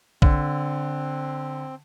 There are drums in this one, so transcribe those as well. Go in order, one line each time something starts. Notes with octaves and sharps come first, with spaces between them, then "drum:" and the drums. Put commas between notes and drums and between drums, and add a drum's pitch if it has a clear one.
D3 C4, drum: kick A#1